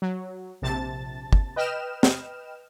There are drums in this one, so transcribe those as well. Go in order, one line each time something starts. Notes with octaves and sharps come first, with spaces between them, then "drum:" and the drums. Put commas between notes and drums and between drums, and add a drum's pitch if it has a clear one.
F#3
A#1 C3 A5 A6
drum: kick
B4 D#5 G5 F6 E7
drum: snare